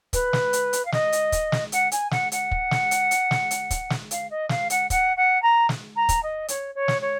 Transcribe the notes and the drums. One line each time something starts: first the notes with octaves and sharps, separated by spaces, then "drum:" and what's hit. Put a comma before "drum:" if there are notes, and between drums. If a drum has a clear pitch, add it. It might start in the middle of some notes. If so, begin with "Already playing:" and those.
B4, drum: kick, hi-hat
drum: snare
drum: hi-hat
drum: hi-hat
F5
D#5, drum: snare
drum: hi-hat
drum: kick, hi-hat
drum: snare
F#5, drum: hi-hat
G#5, drum: hi-hat
F#5, drum: snare
F#5, drum: hi-hat
drum: kick
drum: snare
drum: hi-hat
drum: hi-hat
drum: snare
drum: hi-hat
drum: kick, hi-hat
drum: snare
F5, drum: hi-hat
D#5
F5, drum: snare
F#5, drum: hi-hat
F#5, drum: kick, hi-hat
F#5
A#5
drum: snare
A#5
drum: kick, hi-hat
D#5
C#5, drum: hi-hat
C#5
drum: snare
C#5